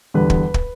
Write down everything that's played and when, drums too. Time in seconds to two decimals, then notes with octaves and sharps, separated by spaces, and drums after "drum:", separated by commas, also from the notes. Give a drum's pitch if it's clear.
0.14 E2 D3 G3 B4
0.30 drum: kick
0.54 drum: kick